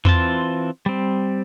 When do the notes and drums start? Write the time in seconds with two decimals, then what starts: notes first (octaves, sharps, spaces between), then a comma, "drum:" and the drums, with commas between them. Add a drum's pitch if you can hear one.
0.05 E3 C4 F4 A5, drum: tom E2
0.86 G3 C4